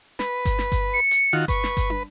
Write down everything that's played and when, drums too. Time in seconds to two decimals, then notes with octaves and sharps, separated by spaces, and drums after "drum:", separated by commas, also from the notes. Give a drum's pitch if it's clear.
0.19 B4, drum: snare
0.45 drum: kick G1, hi-hat
0.59 drum: snare
0.72 drum: kick G1, hi-hat
0.94 C#7
1.11 drum: hi-hat
1.33 D#3 F4 F#4
1.48 B4 C#6, drum: kick G1, hi-hat
1.64 drum: snare
1.77 drum: kick G1, hi-hat
1.90 drum: tom